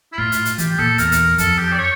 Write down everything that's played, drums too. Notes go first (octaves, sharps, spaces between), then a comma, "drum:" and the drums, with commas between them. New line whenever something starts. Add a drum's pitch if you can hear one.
E4
A2 F4
drum: hi-hat
drum: hi-hat
E3 G4, drum: hi-hat
A#2 A4
E2 A#4, drum: hi-hat
drum: hi-hat
F2 A4, drum: hi-hat
G4
D5
C#5